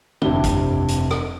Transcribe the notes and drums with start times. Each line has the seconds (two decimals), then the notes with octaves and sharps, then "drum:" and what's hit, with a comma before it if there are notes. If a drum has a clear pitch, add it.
0.22 F1 G2 C3 G3 E4 G7, drum: tom
0.44 drum: kick, hi-hat
0.88 drum: hi-hat
1.11 drum: rim click